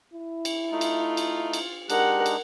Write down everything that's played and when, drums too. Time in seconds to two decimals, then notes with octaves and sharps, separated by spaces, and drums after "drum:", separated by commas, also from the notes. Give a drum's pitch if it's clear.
0.14 E4
0.45 drum: cymbal
0.72 A3 D#4 F4
0.81 drum: cymbal
1.17 drum: cymbal
1.53 drum: cymbal
1.90 G#3 D4 D#4 G4 A#4 F#5, drum: cymbal
2.26 drum: cymbal